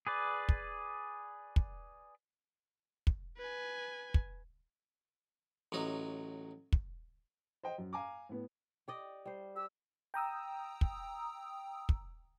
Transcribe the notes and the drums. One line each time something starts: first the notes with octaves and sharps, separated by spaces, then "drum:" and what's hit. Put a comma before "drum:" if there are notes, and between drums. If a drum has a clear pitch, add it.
G#4 B4 D5
drum: kick
drum: kick
drum: kick
B4 G#5
drum: kick
A1 F#3 D#4 D#6
drum: kick
C5 D#5 G5
F#2
F5 G#5 A#5 D6
A2 B3
G4 D5 D#5
G3 C5
G4 E6
G5 A#5 D#6 E6
drum: kick
drum: kick